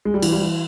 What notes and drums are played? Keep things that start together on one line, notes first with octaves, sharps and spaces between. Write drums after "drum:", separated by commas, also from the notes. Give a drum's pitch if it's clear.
G#3
G3
E3, drum: cymbal
G3
E3